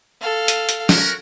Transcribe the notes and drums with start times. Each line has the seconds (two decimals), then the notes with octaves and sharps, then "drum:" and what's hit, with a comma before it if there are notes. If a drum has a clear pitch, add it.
0.21 A4 F5
0.48 drum: hi-hat
0.69 drum: hi-hat
0.89 C#4 F#4 A#4, drum: snare